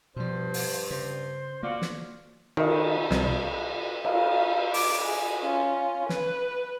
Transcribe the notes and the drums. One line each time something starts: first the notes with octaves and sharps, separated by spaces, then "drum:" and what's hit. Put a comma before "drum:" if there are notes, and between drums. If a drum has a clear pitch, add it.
G2 B2 F3 C5
drum: open hi-hat
C#3 C5
A#3 F4 F#4 D5
drum: snare
D#3, drum: cymbal
C2, drum: snare
F5, drum: cymbal
D6, drum: open hi-hat
G#4
C#4 F4
B4, drum: snare